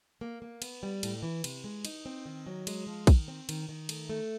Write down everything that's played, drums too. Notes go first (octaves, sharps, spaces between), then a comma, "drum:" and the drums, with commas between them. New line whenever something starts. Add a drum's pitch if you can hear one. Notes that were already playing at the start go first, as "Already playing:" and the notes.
A#3
A#3
B3, drum: cymbal
G3
A2, drum: cymbal
E3
C3, drum: cymbal
G#3
D#4, drum: cymbal
C4
D#3
F#3
G#3, drum: cymbal
F3
D#3, drum: kick A#1, cymbal
C4
D#3, drum: cymbal
D#3
A3, drum: cymbal
A3